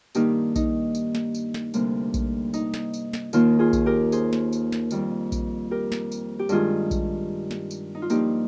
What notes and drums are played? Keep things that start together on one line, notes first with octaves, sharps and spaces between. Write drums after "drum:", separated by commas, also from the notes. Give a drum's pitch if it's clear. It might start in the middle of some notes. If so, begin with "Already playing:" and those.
G2 D#3 A#3 D#4 G4, drum: tambourine
D#4, drum: kick A#1, tambourine
drum: tambourine
drum: snare
drum: tambourine
drum: snare
D2 C3 G3 A#3, drum: tambourine
drum: kick A#1, tambourine
D#4, drum: tambourine
drum: snare
drum: tambourine
drum: snare
D#2 D#3 A#3 F4, drum: tambourine
F4 G#4
drum: kick A#1, tambourine
G4 A#4
G#4 C5, drum: tambourine
drum: snare
drum: tambourine
drum: snare
F2 D#3 G3 A#3, drum: tambourine
drum: kick A#1, tambourine
G4 A#4
drum: snare
drum: tambourine
G4
G2 D#3 G#3 F4 G#4, drum: tambourine
drum: kick A#1, tambourine
drum: snare
drum: tambourine
D#4
F4
G2 F3 A#3 D#4 G4, drum: tambourine